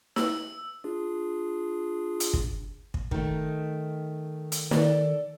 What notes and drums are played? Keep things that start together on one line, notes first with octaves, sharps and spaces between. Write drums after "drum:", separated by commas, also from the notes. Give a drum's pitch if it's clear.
E6, drum: snare
D4 F4 G#4
drum: hi-hat
drum: kick
drum: kick
D#3 A3, drum: kick
drum: hi-hat
D#3 A4 D5, drum: snare